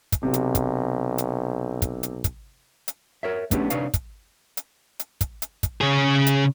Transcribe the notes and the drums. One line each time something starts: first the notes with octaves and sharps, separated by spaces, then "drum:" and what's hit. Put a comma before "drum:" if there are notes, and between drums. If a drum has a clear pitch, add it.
drum: kick, hi-hat
B1 C3
drum: hi-hat
drum: kick, hi-hat
drum: hi-hat
drum: kick, hi-hat
drum: hi-hat
drum: kick, hi-hat
drum: hi-hat
A#4 C#5 E5
A3 B3 C#4 D4 F#4 G4, drum: kick, hi-hat
C3 D4 D#4 B4 C#5 F5, drum: hi-hat
drum: kick, hi-hat
drum: hi-hat
drum: hi-hat
drum: kick, hi-hat
drum: hi-hat
drum: kick, hi-hat
C#3 G#4
drum: hi-hat